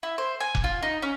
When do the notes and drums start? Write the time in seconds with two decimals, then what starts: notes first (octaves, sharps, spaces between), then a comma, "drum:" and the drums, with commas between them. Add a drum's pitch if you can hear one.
0.03 E4
0.18 C5
0.40 G#5
0.55 drum: kick F1
0.64 F4
0.82 D#4
1.02 C#4